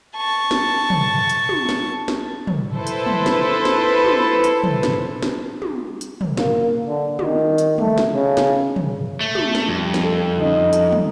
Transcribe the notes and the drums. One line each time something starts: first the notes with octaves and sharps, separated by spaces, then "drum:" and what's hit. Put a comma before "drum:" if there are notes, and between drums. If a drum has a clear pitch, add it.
A5 C#6
drum: snare
drum: tom
drum: hi-hat
drum: tom
drum: snare
drum: snare
drum: tom
E4 A4 B4 C5
drum: hi-hat
drum: tom
drum: snare
drum: snare
drum: tom
drum: hi-hat
drum: tom
drum: snare
drum: snare
drum: tom
drum: hi-hat
drum: tom
A#3, drum: snare
D3
D#3, drum: tom
drum: hi-hat
A3, drum: tom
drum: snare
C#3
drum: snare
drum: tom
A3
drum: tom
drum: snare
F2 G3
drum: snare
A4
D3 C#4 D#4
drum: hi-hat
drum: tom